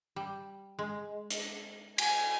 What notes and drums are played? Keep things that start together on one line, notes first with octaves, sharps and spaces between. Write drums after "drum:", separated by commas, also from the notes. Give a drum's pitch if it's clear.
G3
G#3
drum: hi-hat
G#5, drum: cymbal